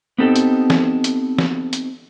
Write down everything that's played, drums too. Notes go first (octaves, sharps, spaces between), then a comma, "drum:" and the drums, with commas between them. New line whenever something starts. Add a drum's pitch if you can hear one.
B3 C4 D#4 G4 A4
drum: hi-hat
drum: snare
drum: hi-hat
drum: snare
drum: hi-hat